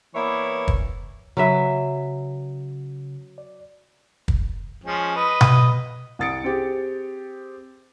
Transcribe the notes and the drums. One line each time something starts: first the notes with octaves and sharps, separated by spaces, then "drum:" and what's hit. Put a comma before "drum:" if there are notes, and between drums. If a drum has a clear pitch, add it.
E3 A#3 B3 C#5 D5 E5
drum: kick
C#3 F#3 B4 E5
D5
drum: kick
F3 G#3 C#4
B4 D#5
drum: tom B2
C2 D#6 A6 C#7 D7
C4 G4 G#4